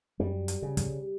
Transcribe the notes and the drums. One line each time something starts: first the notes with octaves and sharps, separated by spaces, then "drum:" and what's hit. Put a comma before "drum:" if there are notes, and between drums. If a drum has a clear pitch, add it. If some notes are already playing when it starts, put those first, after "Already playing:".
F#2 G3
drum: hi-hat
C#3
drum: kick, hi-hat